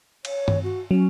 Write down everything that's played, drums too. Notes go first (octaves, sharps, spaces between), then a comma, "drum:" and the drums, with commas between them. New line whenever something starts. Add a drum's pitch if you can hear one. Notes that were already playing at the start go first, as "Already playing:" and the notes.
C#5, drum: cymbal
drum: tom G2
F#4
F#3 C#4